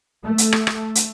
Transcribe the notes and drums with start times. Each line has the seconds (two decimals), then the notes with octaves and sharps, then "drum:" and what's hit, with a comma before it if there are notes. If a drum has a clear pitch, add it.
0.24 A3
0.38 drum: hi-hat
0.52 drum: rim click
0.67 drum: rim click
0.95 drum: hi-hat